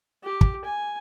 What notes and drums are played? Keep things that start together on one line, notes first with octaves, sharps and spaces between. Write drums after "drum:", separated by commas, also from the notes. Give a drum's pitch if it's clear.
G4
drum: kick
G#5